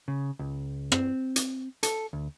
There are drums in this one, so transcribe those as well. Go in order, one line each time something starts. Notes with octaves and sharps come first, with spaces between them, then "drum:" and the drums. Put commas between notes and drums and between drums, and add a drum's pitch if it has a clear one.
C#3
C#2
C4, drum: rim click
drum: hi-hat
A4, drum: hi-hat
D2